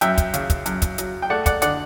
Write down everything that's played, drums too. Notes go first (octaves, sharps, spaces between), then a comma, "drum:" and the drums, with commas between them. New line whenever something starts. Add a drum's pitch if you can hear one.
F#2 E5 G5, drum: hi-hat
drum: kick, hi-hat
C#3, drum: hi-hat
drum: kick, hi-hat
F#2, drum: hi-hat
drum: kick, hi-hat
F#3, drum: hi-hat
G5
A3 D5 F#5
D5 F#5, drum: kick, hi-hat
D3 D5 F#5, drum: hi-hat